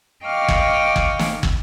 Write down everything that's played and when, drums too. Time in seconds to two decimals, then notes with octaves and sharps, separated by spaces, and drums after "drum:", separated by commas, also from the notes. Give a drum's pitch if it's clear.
0.25 D#5 F5 G5 C#6 D6 F6
0.48 drum: kick
0.96 drum: kick
1.19 drum: snare
1.43 drum: kick